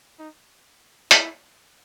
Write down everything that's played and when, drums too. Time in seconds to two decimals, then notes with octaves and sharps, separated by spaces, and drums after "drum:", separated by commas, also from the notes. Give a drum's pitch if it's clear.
0.19 D#4
1.11 E4, drum: hi-hat